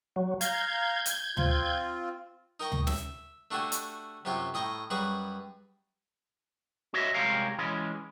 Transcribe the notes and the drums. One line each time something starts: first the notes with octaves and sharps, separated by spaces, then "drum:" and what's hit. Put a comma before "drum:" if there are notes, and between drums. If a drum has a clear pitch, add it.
F#3
F5 A#5 G6 G#6, drum: hi-hat
drum: hi-hat
C4 F4, drum: tom D2
D#4 A#4 G5 A#5 C#6
drum: tom D2
E5, drum: snare
A3 D4 F#4 G4 A4 G#5
drum: hi-hat
F#2 C3 F4 G4 C#5
A2 D#5 G5 A#5 C#6
F#2 G3 G#4 B4 C#5 A#5
F#4 C#5 D#5 E5
C2 G#3 G4 A#4 C#5 F5
E3 G#3 C#4